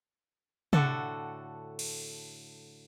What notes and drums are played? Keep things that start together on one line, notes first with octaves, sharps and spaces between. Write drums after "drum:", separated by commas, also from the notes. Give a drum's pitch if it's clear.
A2 D3 F#4 A4, drum: tom
drum: cymbal